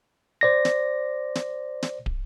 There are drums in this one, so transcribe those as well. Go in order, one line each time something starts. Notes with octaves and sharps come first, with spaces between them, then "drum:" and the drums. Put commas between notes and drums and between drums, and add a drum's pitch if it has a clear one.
C5 D5 A#6
drum: snare
drum: snare
drum: snare
drum: kick